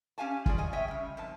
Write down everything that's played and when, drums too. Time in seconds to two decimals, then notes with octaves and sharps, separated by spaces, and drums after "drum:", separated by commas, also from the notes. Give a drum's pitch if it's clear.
0.18 C#4 G4 F5 G#5 A5
0.46 F4 F#4 G#4 D5, drum: kick
0.58 F#2 D#5 G#5
0.73 A3 C#5 D#5 E5 G5
0.88 C#3 G3
1.17 F2 G#2 A5